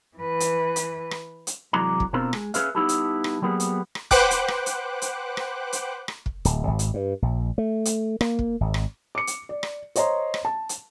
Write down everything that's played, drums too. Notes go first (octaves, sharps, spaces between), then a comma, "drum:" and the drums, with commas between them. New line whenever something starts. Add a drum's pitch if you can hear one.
E3 B4
drum: hi-hat
drum: hi-hat
drum: rim click
drum: hi-hat
C2 E3 F#3 G#3 D5 A#5
drum: kick
B2 C4 D4 F4 A4 A#4
G#3, drum: rim click
C#4 G#4 B4 E5 F5, drum: hi-hat
G3 B3 D#4 E4 G4 A4
drum: hi-hat
drum: rim click
F#3 G3 A#3 B3 F#4 G#4
drum: hi-hat
drum: rim click
B4 C5 F#5 G5 D6 F#6, drum: kick
drum: hi-hat
drum: rim click
drum: hi-hat
drum: hi-hat
drum: rim click
drum: hi-hat
drum: rim click
drum: kick
D1, drum: hi-hat
G#1
drum: hi-hat
G2
A#1
A3
drum: hi-hat
A#3, drum: rim click
drum: kick
G#1
drum: rim click
D6 C#7
drum: hi-hat
D5
drum: rim click
C5 C#5 D#5 A#5 C6, drum: hi-hat
drum: rim click
A5
drum: hi-hat